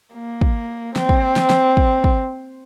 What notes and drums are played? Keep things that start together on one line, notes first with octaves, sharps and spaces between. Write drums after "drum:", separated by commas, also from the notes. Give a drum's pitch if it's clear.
A#3
drum: kick
C4, drum: snare
drum: kick
drum: snare
drum: snare
drum: kick
drum: kick